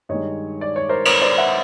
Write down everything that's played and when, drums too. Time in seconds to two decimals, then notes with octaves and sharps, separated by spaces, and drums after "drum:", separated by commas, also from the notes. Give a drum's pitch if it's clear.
0.09 G2 D#3 G#3 C#5 D#5
0.61 D5
0.76 C#5
0.89 A#4 C5
1.05 B4 C#5, drum: cymbal
1.21 C5 D5
1.37 E5 F#5